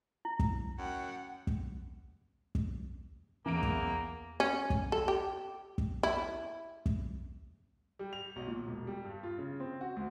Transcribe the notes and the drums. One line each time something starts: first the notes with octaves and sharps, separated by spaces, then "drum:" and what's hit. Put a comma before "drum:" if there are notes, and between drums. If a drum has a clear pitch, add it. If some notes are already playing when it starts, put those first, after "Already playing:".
E4
drum: kick
F#2 F#5 G5
drum: kick
drum: kick
E2 E3 A#3 D7
drum: kick
C#4
drum: kick
A4
G4
drum: kick
E4
drum: kick
G3
F7
B1
A#2
E1
G3
G2
F4
C#3
C4
F#4
D2